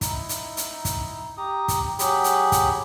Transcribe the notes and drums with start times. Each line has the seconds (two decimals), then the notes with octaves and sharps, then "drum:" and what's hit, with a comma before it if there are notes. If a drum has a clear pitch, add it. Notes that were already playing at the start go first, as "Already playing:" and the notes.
0.01 D#4 E4, drum: kick, hi-hat
0.29 drum: hi-hat
0.57 drum: hi-hat
0.85 drum: kick, hi-hat
1.37 G4 A#5 D#6
1.68 drum: kick, hi-hat
1.99 F#3 G4 G#4 B5, drum: hi-hat
2.24 drum: hi-hat
2.52 drum: kick, hi-hat